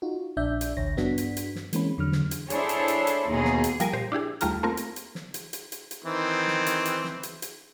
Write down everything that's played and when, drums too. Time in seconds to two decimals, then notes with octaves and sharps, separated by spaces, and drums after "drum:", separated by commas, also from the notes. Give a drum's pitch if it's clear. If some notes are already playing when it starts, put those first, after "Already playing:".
0.02 D#4 F4 F#4
0.37 A#1 D4 D5 E5 G6
0.61 drum: hi-hat
0.77 A1 D2 C#5 A#6
0.97 G2 B3 D4 F#4 B6, drum: snare
1.18 drum: hi-hat
1.37 drum: hi-hat
1.55 drum: snare
1.73 E3 G#3 A#3 C4 C#4 B5, drum: hi-hat
1.98 E2 D3 F#3 F6
2.12 drum: snare
2.31 drum: hi-hat
2.50 D4 E4 G#4 A4 C5 C#5, drum: hi-hat
2.69 drum: hi-hat
2.88 drum: hi-hat
3.07 drum: hi-hat
3.30 D#2 B2 D#4 G#4
3.45 drum: snare
3.64 drum: hi-hat
3.80 F3 G3 A#4 G#5 D7 D#7, drum: hi-hat
3.93 A#2 G4 C5
4.12 D4 E4 G4 G#4
4.41 D#2 G3 A3 F4 A#5 F6, drum: hi-hat
4.63 A3 A#3 C4 F4 A#4
4.77 drum: hi-hat
4.96 drum: hi-hat
5.15 drum: snare
5.34 drum: hi-hat
5.53 drum: hi-hat
5.72 drum: hi-hat
5.91 drum: hi-hat
6.04 D#3 E3 C4
6.48 drum: snare
6.66 drum: hi-hat
6.85 drum: hi-hat
7.04 drum: snare
7.23 drum: hi-hat
7.42 drum: hi-hat